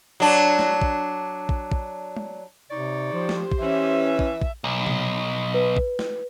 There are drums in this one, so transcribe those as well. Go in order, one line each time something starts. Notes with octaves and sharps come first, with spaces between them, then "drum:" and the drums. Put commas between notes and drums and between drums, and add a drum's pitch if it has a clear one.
F#3 D4
drum: snare
drum: kick
drum: kick
drum: kick
drum: tom
C3 D#4 C#5 D5
F3 G4 C5
drum: snare
drum: kick
E3 C#4 E5
drum: kick
drum: kick
B1
drum: tom C3
B4
drum: kick
drum: snare